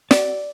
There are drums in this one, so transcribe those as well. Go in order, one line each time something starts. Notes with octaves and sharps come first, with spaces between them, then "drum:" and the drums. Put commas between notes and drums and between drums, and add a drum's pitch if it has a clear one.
D5, drum: snare